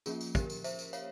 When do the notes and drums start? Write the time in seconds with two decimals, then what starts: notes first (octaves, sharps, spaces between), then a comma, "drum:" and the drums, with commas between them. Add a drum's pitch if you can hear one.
0.06 F3 A#3 C#4 F4 G#4, drum: tambourine
0.21 drum: tambourine
0.35 G4 A#4, drum: kick, tambourine
0.50 drum: tambourine
0.64 C5 E5, drum: tambourine
0.79 drum: tambourine
0.93 C#5 F5, drum: tambourine